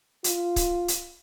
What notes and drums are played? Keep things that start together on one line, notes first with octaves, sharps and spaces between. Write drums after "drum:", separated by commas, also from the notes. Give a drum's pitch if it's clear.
F4, drum: hi-hat
drum: kick C#1, hi-hat
drum: hi-hat